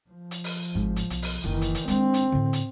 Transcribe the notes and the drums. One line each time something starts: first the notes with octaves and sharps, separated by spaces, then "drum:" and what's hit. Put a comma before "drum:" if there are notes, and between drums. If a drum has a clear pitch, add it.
F3
drum: hi-hat
drum: open hi-hat
G#1 G#2
drum: hi-hat
B1, drum: hi-hat
drum: open hi-hat
F#1 D#3 E3 E4
drum: hi-hat
drum: hi-hat
G#3 C4 D4, drum: hi-hat
drum: hi-hat
A2 D3
drum: hi-hat